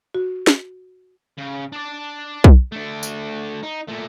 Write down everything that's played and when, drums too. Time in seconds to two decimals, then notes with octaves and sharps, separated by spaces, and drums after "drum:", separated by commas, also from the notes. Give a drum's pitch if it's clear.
0.15 F#4
0.47 drum: snare
1.38 C#3
1.72 D4 D5
2.44 drum: kick
2.72 A3 D4
3.03 drum: tambourine
3.63 D#4
3.88 A#2 A3